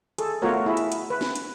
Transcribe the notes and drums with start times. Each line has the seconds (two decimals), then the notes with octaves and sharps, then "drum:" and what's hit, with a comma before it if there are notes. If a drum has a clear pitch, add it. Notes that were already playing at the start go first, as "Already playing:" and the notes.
0.18 G#4 A4, drum: hi-hat
0.42 A3 B3 F4 F#4 A#4 C#5
0.66 E4 G#4 E5
0.77 drum: hi-hat
0.92 drum: hi-hat
1.10 B4
1.21 drum: snare
1.35 drum: hi-hat